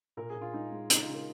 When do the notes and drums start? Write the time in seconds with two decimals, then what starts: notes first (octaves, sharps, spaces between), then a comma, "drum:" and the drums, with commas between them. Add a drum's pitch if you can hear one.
0.17 A#2 A#4
0.30 G#4
0.35 A#2
0.42 F4
0.53 G#3 D#4
0.72 G#3
0.90 C#3 D#4, drum: hi-hat
1.02 F4
1.08 C#3
1.14 A#4